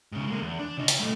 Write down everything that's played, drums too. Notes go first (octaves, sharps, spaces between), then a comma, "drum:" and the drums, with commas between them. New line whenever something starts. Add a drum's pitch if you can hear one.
G#2 C#3
G#3 A#3
E2
D4
C#3 D#5
drum: hi-hat
G2 A3